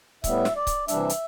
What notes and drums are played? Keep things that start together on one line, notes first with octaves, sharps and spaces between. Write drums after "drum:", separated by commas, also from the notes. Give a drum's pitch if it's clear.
A2 G3 B3 E5, drum: kick C#1, hi-hat
drum: snare
D5
drum: kick C#1, hi-hat
C3 E3 G3 D4 E5, drum: hi-hat
drum: hi-hat